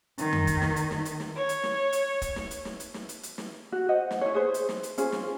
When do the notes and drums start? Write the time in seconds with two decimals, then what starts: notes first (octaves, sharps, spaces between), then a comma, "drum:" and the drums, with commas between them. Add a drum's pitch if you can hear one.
0.18 D#3, drum: hi-hat
0.33 drum: tom F2
0.47 drum: kick, hi-hat
0.62 drum: snare
0.76 drum: hi-hat
0.91 drum: snare
1.05 drum: hi-hat
1.20 drum: snare
1.35 C#5
1.49 drum: hi-hat
1.63 drum: snare
1.93 drum: hi-hat
2.22 drum: kick, hi-hat
2.36 drum: snare
2.51 drum: hi-hat
2.65 drum: snare
2.80 drum: hi-hat
2.94 drum: snare
3.09 drum: hi-hat
3.23 drum: hi-hat
3.38 drum: snare
3.72 F#4
3.89 C5 D#5 F#5
4.11 drum: snare
4.21 E4 C#5
4.34 G#4 B4 C5
4.54 drum: hi-hat
4.69 drum: snare
4.83 drum: hi-hat
4.98 C#4 F4 G#4 C5, drum: hi-hat
5.12 drum: snare